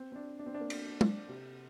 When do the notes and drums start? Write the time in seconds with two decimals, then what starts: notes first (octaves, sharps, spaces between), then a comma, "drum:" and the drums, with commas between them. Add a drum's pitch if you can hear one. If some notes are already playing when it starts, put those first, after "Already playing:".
Already playing: C4
0.12 C4
0.15 D4
0.39 D4
0.46 C4
0.54 D4
0.61 A#3
0.70 drum: cymbal
1.01 drum: tom
1.29 C3